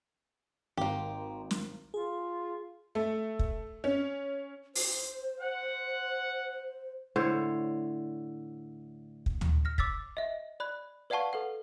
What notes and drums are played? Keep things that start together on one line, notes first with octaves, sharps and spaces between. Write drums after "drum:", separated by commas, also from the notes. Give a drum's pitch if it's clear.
G#1 A#3 G4
drum: snare
F4 G#4
A3
drum: kick
C#4
C5, drum: open hi-hat
F#5
A2 D3 C5 C#5
drum: kick
drum: tom D2
F6 A#6
D6 E6 A6 B6, drum: kick
D#5 E5
D5 B5 F#6
B4 D5 F5 F#5 A5 C#6
A4 B4 F#5